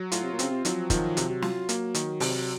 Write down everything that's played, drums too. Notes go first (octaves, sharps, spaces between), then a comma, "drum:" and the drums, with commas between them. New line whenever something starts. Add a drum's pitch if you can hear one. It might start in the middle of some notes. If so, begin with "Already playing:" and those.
Already playing: F#3
A2 F4, drum: hi-hat
C3
A#2
C#3 C4, drum: hi-hat
C3
D#3 F#3, drum: hi-hat
F3
D#3 F3, drum: kick, hi-hat
C3, drum: hi-hat
F#3
F4, drum: snare
A#3, drum: hi-hat
D#3, drum: hi-hat
C3, drum: open hi-hat